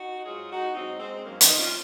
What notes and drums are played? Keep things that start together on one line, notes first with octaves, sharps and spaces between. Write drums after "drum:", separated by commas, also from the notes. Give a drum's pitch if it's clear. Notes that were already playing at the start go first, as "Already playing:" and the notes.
Already playing: D#4 F#4
G#2 F#3 F4 G#4
D#4 F#4
G#2 F#3 C4 D#4
G#3 C4
C4
F#2 D#3 F#3 A#3 C#4
C4 D#4, drum: hi-hat
C#4 F4